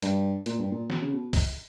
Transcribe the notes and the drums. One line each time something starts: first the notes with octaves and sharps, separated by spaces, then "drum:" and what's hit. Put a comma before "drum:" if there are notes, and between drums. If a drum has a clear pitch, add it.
G2, drum: hi-hat
A#2, drum: hi-hat
G2
A#2
B2, drum: snare
C#3
B2
drum: kick, open hi-hat